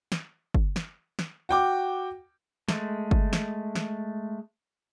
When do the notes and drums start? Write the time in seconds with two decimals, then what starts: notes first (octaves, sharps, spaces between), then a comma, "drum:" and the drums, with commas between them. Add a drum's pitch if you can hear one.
0.12 drum: snare
0.55 drum: kick G1
0.76 drum: snare
1.19 drum: snare
1.49 F#4 G5 D6
2.69 G#3 A3, drum: snare
3.11 drum: kick G1
3.33 drum: snare
3.76 drum: snare